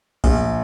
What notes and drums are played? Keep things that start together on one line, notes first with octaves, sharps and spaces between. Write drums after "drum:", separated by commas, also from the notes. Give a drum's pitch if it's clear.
A#1, drum: kick A#1, open hi-hat